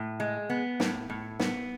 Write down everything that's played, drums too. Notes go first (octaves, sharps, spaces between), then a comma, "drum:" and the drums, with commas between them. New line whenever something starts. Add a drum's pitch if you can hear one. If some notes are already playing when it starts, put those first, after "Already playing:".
Already playing: A2
G#3
B3
A2, drum: snare
A2
B3, drum: snare